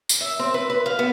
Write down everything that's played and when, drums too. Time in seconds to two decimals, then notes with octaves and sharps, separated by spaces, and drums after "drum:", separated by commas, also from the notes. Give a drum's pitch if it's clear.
0.09 drum: tambourine
0.21 E5
0.39 C4
0.54 B4
0.70 B4
0.86 F5
0.99 B3